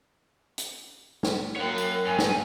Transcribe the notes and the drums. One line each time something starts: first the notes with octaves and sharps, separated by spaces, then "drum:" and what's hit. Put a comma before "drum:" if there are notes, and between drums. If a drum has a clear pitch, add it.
drum: hi-hat
drum: snare
F#2 A#3 C#5 F#5 G5
drum: tambourine
G2 G#5
drum: snare